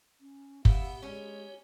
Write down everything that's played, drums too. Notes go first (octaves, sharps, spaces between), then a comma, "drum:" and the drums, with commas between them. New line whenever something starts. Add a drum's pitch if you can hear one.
C#4
B3 E4 G4 F5 F#5, drum: kick
G#3 C#4 C#5